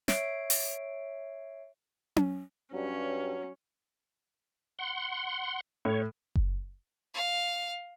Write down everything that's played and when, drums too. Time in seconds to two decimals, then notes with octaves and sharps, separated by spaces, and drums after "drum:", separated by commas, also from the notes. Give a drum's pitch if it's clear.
0.08 C#5 E5 C7 D7, drum: snare
0.50 drum: open hi-hat
2.16 drum: tom C#4
2.73 G2 F#3 C#4
4.79 F#5 C6
5.85 A2 C#5
6.35 drum: kick F#1
7.14 F5